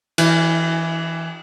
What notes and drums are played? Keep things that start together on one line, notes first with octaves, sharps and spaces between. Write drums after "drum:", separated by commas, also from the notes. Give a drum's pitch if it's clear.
E3, drum: cymbal